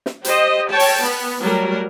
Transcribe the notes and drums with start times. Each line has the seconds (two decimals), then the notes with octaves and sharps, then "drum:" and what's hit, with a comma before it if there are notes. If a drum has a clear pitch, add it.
0.06 drum: snare
0.24 G4 C5 D#5, drum: hi-hat
0.69 C#5 G5 A5
0.79 drum: open hi-hat
1.02 B3
1.41 F#3 G3 A3 A#4